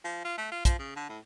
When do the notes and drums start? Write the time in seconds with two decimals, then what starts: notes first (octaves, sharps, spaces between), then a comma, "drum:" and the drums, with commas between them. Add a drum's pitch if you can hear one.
0.04 F3
0.24 F4
0.38 A3
0.52 F4
0.65 F3, drum: kick, hi-hat
0.79 C#3
0.96 D3
1.09 A2